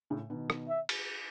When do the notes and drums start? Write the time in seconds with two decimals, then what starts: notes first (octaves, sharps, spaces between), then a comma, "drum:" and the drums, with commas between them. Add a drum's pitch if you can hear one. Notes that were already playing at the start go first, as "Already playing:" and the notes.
0.10 A2 C#3
0.30 B2 D#3
0.50 drum: rim click
0.69 E5
0.89 drum: cymbal